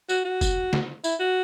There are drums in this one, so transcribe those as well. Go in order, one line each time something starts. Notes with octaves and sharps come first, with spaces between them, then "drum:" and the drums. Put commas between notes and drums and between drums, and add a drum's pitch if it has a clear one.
F#4, drum: tambourine
F#4
drum: kick F1, tambourine
drum: snare
E4, drum: tambourine
F#4